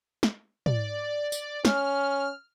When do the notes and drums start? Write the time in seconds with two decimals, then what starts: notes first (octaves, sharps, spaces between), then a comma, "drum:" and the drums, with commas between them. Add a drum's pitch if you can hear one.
0.23 drum: snare
0.66 D5, drum: tom
1.32 drum: tambourine
1.65 C#4 F6, drum: snare